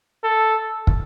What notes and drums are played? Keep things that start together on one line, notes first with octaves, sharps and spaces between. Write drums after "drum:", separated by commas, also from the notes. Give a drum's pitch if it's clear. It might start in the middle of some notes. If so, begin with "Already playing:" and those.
A4
drum: kick